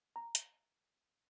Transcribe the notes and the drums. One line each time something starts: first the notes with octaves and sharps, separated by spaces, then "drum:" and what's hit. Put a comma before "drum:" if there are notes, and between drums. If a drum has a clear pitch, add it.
A#5
drum: hi-hat